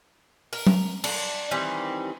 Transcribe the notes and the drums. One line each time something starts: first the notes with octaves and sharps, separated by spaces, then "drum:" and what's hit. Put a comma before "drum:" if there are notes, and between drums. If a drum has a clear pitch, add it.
A#4, drum: open hi-hat
drum: tom F#3
D4, drum: cymbal
D#3 E3 G3 C4